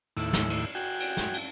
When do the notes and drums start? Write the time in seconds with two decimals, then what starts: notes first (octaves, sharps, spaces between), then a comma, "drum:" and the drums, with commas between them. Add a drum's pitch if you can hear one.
0.17 D#2 A2 E4, drum: cymbal
0.33 drum: snare
0.50 drum: cymbal
0.75 F#4 G5 G#5
1.00 drum: cymbal
1.17 drum: snare
1.34 drum: cymbal